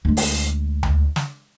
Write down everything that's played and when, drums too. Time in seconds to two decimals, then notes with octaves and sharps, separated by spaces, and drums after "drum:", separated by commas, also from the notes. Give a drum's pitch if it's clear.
0.05 D2 G#3
0.17 drum: open hi-hat
0.83 drum: tom D2
1.16 drum: snare